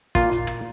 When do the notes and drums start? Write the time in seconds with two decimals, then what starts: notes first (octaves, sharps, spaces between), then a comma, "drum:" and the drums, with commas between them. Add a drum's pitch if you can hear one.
0.15 A#2 F4, drum: kick, hi-hat
0.31 drum: hi-hat
0.47 drum: rim click